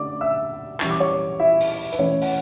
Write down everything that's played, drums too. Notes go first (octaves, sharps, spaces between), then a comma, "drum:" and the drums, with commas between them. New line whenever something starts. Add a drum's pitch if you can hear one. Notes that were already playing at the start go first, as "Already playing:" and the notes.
Already playing: D3 A3 C#4 D5 D6
E5 E6
E3 G3 C#4 E4 C#6, drum: clap
D6
C#5 C#6
E4 E5
drum: open hi-hat
B4, drum: hi-hat
E3 A3 C#4 E4 C#5
F#5, drum: open hi-hat